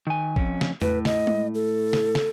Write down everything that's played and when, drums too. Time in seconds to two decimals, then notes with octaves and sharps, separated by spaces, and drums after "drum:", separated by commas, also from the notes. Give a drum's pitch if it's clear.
0.07 D#3 G#5
0.36 F2 C#4, drum: kick A#1
0.61 drum: snare
0.82 A2 B4, drum: tom E2
1.05 D#5, drum: snare
1.27 drum: tom G#3
1.55 A4
1.93 drum: snare
2.15 drum: snare